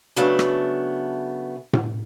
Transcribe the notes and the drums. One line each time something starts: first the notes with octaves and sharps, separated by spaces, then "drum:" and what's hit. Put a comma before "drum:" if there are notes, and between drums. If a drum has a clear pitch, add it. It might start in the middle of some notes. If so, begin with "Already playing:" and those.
C#3 F#3 A3 B3 D4
drum: rim click
drum: tom A2